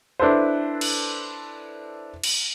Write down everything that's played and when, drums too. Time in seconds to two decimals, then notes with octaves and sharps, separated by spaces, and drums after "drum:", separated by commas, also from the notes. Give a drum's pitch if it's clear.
0.20 D4 E4 A4 B4 C5
0.81 drum: cymbal
2.24 drum: cymbal